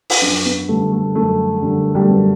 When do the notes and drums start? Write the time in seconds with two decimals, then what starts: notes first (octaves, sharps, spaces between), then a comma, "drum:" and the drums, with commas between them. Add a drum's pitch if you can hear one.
0.10 drum: open hi-hat
0.21 F#2 D4
0.45 B3
0.69 D3 G3 A3
0.92 A3
1.15 F#2 A3
1.62 D3 G3
1.95 G3
2.02 A3
2.09 F#2 B3